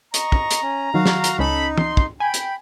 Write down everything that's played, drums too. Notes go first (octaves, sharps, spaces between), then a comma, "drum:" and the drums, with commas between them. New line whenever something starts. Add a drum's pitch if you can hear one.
D#5 A#5 C#6, drum: hi-hat
drum: kick
drum: hi-hat
C#4
D#3 F#3 F#4 F5
drum: snare
drum: hi-hat
C#2 C#4 D#4 A4 B5
C6, drum: tom
drum: kick
G5 G#5 B5
drum: hi-hat